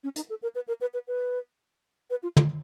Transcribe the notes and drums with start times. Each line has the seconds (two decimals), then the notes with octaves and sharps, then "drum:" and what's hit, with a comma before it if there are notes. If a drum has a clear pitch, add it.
0.04 C#4
0.16 D#4, drum: hi-hat
0.30 A4
0.43 A#4
0.55 B4
0.68 A#4
0.81 B4
0.94 B4
1.08 B4
2.10 B4
2.23 F4
2.37 F4, drum: tom